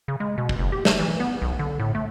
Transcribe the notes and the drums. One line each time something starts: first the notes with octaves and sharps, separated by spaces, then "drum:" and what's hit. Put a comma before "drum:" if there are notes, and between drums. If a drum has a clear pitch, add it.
C#3
G#3
B2
drum: kick
F#1
G4
A3, drum: snare
E3
B3
B1
D3
A2
A3